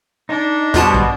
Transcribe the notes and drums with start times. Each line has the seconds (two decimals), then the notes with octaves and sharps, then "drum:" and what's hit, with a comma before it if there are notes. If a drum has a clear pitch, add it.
0.29 D4 D#4
0.74 E2 B2 G3 F4 C5 A5, drum: hi-hat
0.94 drum: kick